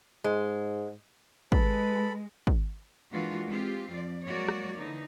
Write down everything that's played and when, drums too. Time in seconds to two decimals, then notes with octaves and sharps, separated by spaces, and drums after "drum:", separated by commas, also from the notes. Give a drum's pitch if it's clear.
0.24 G#2 G#3
1.52 G#3 A4 B4 B5, drum: kick
2.47 drum: kick
3.12 E3 G#3 A#3 D4 F4 F#4
3.47 G#3 C4 F4 G4
3.89 F2 D5
4.24 F#3 G#3 A#3 F#4 C#5 D5
4.48 drum: rim click
4.76 D3 E3 D#4